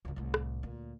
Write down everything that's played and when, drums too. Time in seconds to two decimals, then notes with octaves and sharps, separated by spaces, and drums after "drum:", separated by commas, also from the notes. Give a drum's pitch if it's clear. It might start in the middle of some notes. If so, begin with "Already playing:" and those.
0.05 C#2 F#2
0.16 C2 A2
0.34 drum: rim click
0.63 D2 A#2